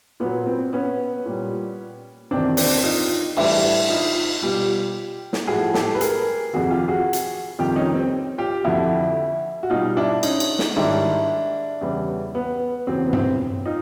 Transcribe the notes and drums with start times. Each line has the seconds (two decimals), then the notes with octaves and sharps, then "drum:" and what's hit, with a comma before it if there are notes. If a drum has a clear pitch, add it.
0.20 A#2 F#3 B3
0.47 C4
0.73 B3 C#4
1.26 A#2 G3
2.31 E2 C3 D#3 C4 D4
2.57 C4 D4, drum: open hi-hat
2.84 D#4 F4
3.37 A2 E3 G3 D4 E4, drum: cymbal
3.90 D#4 F4
4.42 B2 G3 F4 G4
5.33 drum: snare
5.47 A2 F3 F#4 G#4
5.74 G4 A4, drum: snare
5.95 B4
6.01 G#4 A#4, drum: hi-hat
6.53 F2 C3 D#3 F#4 G#4
6.71 F4 G4
6.88 F#4 G#4
7.13 drum: hi-hat
7.59 F2 C3 D#3 G3 F4 G4
7.76 C#4 D#4
7.94 C4
8.38 F4 G4
8.64 F2 D3 F3 E4 F#4
9.63 F#4
9.70 B2 G3 D#4 F4
9.97 D4 E4
10.23 C#4 D#4, drum: cymbal
10.40 drum: cymbal
10.59 drum: snare
10.76 G#2 D#3 G3 D4 E4
11.81 E2 C#3 E3 G3
12.35 B3
12.87 E2 C#3 F#3 C4
13.07 B3
13.13 C4, drum: tom G2
13.66 D#4 F4